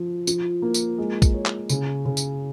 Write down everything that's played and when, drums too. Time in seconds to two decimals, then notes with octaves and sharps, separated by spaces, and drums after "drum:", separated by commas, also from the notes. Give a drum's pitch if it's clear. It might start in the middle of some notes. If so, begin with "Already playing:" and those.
Already playing: F3
0.27 F3, drum: tambourine
0.62 A#3
0.74 drum: tambourine
0.98 G#3
1.22 drum: kick, tambourine
1.34 C#5
1.46 drum: clap
1.69 C#3, drum: tambourine
2.05 C#3
2.17 drum: tambourine